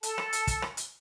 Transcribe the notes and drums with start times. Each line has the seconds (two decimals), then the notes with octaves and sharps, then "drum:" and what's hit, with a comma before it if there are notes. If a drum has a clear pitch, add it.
0.03 A4 A5, drum: hi-hat
0.18 drum: rim click
0.33 drum: hi-hat
0.47 drum: kick, hi-hat
0.62 drum: rim click
0.77 drum: hi-hat